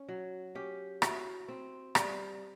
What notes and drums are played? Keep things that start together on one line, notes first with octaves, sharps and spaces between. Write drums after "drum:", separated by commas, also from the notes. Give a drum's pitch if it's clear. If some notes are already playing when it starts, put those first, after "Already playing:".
Already playing: C#4
F#3
C#4 G4
E4 F#4, drum: rim click
C4
G3, drum: rim click